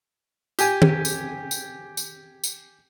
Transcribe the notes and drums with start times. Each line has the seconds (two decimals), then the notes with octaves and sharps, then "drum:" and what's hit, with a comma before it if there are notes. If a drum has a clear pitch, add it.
0.59 G4 G#5, drum: tambourine
0.82 drum: tom D#3
1.05 drum: tambourine
1.51 drum: tambourine
1.97 drum: tambourine
2.44 drum: tambourine